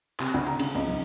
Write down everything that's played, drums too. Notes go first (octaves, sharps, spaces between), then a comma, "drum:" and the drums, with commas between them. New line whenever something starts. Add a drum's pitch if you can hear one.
C3, drum: clap
D2
A#5
C#3, drum: cymbal
C#2
B1